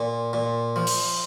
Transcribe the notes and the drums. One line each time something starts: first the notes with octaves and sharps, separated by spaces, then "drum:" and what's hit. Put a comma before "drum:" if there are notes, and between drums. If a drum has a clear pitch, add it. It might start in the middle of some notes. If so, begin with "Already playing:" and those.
Already playing: A#2
A#2
F3
drum: open hi-hat